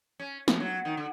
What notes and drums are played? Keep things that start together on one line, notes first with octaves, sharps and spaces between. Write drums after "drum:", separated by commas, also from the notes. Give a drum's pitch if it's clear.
C#4
F3, drum: snare
F#3
D#3
D3